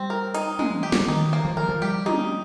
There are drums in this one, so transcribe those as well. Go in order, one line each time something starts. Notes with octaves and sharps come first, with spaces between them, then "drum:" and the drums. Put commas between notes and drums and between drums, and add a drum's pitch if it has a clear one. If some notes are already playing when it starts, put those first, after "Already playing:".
Already playing: G3 C4
A#4
D#4, drum: hi-hat
G#3, drum: tom
G4
G3, drum: snare
F3
D#3 D#4
A#3
F3
D#3 A#4
F3
G3 G4
D#4, drum: tom